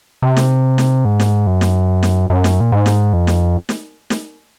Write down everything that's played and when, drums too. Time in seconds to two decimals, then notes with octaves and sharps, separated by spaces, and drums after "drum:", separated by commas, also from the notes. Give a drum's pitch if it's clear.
0.22 C3
0.36 drum: snare
0.78 drum: snare
1.05 G#2
1.20 drum: snare
1.47 F#2
1.61 drum: snare
2.03 drum: snare
2.30 F#2
2.44 drum: snare
2.60 A#2
2.72 G#2
2.86 drum: snare
3.13 F2
3.27 drum: snare
3.69 drum: snare
4.10 drum: snare